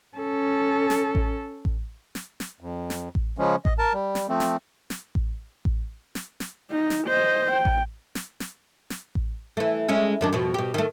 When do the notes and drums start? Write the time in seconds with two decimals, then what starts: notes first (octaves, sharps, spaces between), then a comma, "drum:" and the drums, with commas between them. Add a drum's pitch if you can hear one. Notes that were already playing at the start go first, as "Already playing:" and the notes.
0.17 C#4 A4
0.90 drum: snare
1.15 drum: kick A1
1.65 drum: kick A1
2.15 drum: snare
2.40 drum: snare
2.61 F2
2.90 drum: snare
3.15 drum: kick A1
3.38 C#3 F3 G#3 C#4
3.65 D#5, drum: kick A1
3.78 A#4 A5
3.93 G3
4.15 drum: snare
4.29 F3 A3 C4
4.40 drum: snare
4.90 drum: snare
5.15 drum: kick A1
5.65 drum: kick A1
6.15 drum: snare
6.40 drum: snare
6.71 D#4
6.90 drum: snare
7.07 C5 D#5
7.51 G5
7.65 drum: kick A1
8.15 drum: snare
8.40 drum: snare
8.90 drum: snare
9.15 drum: kick A1
9.57 E3 A3
9.88 G#3 C#4 E4
10.21 F#2 D#3 D4
10.33 F2 B2
10.54 B2 G4
10.74 D#3 A3